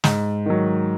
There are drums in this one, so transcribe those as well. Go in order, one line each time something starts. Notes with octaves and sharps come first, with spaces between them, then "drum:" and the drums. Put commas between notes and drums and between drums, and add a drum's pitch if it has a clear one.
G#2, drum: snare
D#3 F#3